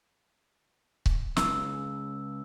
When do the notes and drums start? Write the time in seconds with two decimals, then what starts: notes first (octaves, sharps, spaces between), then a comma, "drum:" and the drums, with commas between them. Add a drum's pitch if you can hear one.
1.06 drum: kick C#1
1.37 C#2 E6, drum: snare